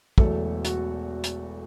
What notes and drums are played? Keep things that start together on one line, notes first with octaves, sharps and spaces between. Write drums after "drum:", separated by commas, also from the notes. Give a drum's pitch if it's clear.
E1 E2 B2 F#3 A3 A4, drum: kick
F#4, drum: hi-hat
drum: hi-hat